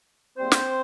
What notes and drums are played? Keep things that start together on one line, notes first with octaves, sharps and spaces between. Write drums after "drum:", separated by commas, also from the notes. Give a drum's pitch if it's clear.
G#2 G3 A#3 C4 C5
drum: snare